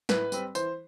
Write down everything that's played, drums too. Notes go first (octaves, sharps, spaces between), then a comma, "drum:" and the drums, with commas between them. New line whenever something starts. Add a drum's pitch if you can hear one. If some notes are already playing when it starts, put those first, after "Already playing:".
A2 B4, drum: snare
G3 C4, drum: tambourine
E3 C5, drum: tambourine